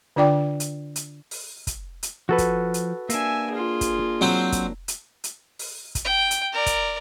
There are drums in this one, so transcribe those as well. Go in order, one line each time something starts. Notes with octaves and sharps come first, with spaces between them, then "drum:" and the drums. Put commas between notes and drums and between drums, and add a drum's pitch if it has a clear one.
D3 D4 F4 D5 G5 D6
drum: hi-hat
drum: hi-hat
drum: open hi-hat
drum: kick, hi-hat
drum: hi-hat
F3 F#4 A4 B4
drum: kick, hi-hat
drum: hi-hat
A#3 D4 E5 G#5, drum: hi-hat
F4 G#4
drum: kick, hi-hat
F#3 C4 C5
drum: kick, hi-hat
drum: hi-hat
drum: hi-hat
drum: open hi-hat
drum: kick, hi-hat
G5
drum: hi-hat
A#4 D5
drum: kick, hi-hat